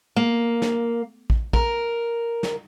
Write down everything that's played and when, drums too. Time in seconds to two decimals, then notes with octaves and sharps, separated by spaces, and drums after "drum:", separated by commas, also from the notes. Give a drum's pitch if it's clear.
0.16 A#3
0.62 drum: snare
1.30 drum: kick A1
1.53 A#4, drum: kick A1
2.43 drum: snare